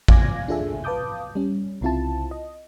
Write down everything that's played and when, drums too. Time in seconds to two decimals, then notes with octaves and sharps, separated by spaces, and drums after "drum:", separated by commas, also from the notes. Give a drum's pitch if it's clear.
0.08 F5 G#5 D6 G#6 A#6, drum: kick A1
0.48 D4 F4 G#4 A4 E5 G#5
0.84 B4 F5 A5 D6 D#6 G6
1.35 G3 C#4
1.81 C2 C#3 C4 E4 F4 A5
2.31 D#5